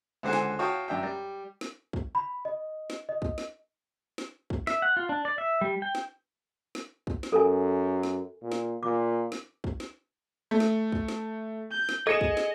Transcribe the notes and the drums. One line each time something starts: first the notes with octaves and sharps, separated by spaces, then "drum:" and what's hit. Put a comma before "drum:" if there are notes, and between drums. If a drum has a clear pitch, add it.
C#2 D3 C5 F#5 G#5
drum: snare
F#4 C#5 F5 G5 A5 D#6
F#2 D4 E5 G5
G3
drum: snare
drum: kick
B5
D#5
drum: snare
D#5
drum: kick
drum: snare
drum: snare
drum: kick
E5, drum: snare
F#5
F4
D4
D5
E5
G3
G5
drum: snare
drum: snare
drum: kick
drum: snare
F#2 A4 A#4 G#5
drum: snare
A#2
drum: snare
A#2 D6
drum: snare
drum: kick
drum: snare
A3
drum: snare
drum: kick
drum: snare
G6
drum: snare
G#4 A4 D#5 G#6 C#7 E7
drum: kick
drum: snare